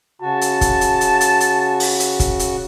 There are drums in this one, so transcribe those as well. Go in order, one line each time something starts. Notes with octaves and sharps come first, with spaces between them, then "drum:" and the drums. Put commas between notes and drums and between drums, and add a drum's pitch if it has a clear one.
C#3 F#4 A5
drum: hi-hat
drum: kick, hi-hat
drum: hi-hat
drum: hi-hat
drum: hi-hat
drum: hi-hat
drum: open hi-hat
drum: hi-hat
drum: kick, hi-hat
drum: hi-hat